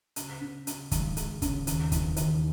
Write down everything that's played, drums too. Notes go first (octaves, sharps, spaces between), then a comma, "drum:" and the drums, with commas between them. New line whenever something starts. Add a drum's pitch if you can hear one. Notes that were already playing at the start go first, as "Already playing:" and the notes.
C#3, drum: hi-hat
C#3
C#3, drum: hi-hat
G#1, drum: kick, hi-hat
G#3, drum: hi-hat
C#3, drum: kick, hi-hat
D#2, drum: hi-hat
E3, drum: kick, hi-hat
D#2, drum: hi-hat